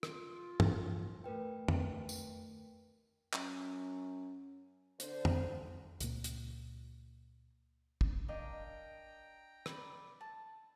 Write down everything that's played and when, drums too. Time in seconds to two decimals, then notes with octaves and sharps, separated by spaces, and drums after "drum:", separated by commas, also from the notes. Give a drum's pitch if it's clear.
0.03 F4, drum: rim click
0.60 drum: tom
1.24 A3 A#4 B4 G5
1.68 drum: tom
2.09 drum: tambourine
3.33 F#2, drum: clap
5.00 D3 C5, drum: hi-hat
5.25 drum: tom
6.01 C#2 A#2 A#3, drum: hi-hat
6.24 drum: hi-hat
8.01 drum: kick
8.28 D4 A#4 D#5 F5 G5 A#5
9.66 D5 B5, drum: rim click
10.21 A5